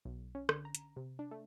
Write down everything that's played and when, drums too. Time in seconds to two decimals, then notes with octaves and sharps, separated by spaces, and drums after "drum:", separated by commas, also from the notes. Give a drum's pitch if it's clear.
0.05 B1
0.35 C#4
0.49 D3, drum: rim click
0.65 A#5
0.75 drum: hi-hat
0.96 C3
1.19 D4
1.31 A3